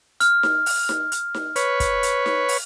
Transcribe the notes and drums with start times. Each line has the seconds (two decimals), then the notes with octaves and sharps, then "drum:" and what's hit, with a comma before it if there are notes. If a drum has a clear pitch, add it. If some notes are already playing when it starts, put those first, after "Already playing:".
0.20 F6, drum: hi-hat
0.43 drum: snare D#4
0.66 drum: open hi-hat
0.89 drum: snare D#4
1.12 drum: hi-hat
1.34 drum: snare D#4
1.56 B4 C#5, drum: hi-hat
1.80 drum: kick, hi-hat
2.03 drum: hi-hat
2.26 drum: snare D#4
2.48 drum: open hi-hat